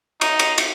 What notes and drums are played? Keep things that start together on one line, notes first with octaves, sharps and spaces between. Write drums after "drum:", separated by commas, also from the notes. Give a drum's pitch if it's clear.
D#4, drum: cymbal
drum: cymbal
drum: cymbal